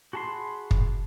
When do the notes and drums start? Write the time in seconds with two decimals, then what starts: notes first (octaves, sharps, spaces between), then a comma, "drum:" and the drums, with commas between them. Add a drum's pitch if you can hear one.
0.13 F#4 G#4 A5 B5 C6
0.71 drum: kick